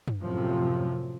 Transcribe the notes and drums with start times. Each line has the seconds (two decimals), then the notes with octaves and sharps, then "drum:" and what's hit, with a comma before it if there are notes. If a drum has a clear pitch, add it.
0.08 drum: tom
0.21 F#2 A2 C3 F3